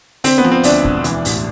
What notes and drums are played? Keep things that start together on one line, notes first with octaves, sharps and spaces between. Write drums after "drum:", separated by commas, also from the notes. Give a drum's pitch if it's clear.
D3 C4, drum: open hi-hat
B3
F3, drum: snare
C4
D2 D4, drum: open hi-hat
E1, drum: kick
E3, drum: hi-hat
A1, drum: open hi-hat